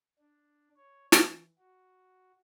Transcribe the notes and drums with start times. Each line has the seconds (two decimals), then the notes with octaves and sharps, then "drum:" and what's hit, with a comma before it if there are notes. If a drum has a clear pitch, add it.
0.19 D4
0.76 C#5
1.12 E3, drum: snare
1.58 F#4